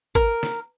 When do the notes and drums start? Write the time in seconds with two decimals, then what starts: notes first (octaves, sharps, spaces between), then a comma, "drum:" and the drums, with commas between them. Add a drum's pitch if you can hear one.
0.15 A#4, drum: kick G#1
0.43 drum: snare